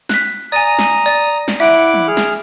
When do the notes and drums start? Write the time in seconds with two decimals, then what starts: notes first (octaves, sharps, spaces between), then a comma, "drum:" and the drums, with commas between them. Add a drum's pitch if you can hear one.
0.09 F#6 B6, drum: snare
0.52 D5 G#5 A#5 D#6
0.79 drum: snare
1.06 D5
1.48 drum: snare
1.60 E4 E5 F#5 D6 D7
1.94 drum: tom
2.08 G#4 F6
2.17 drum: snare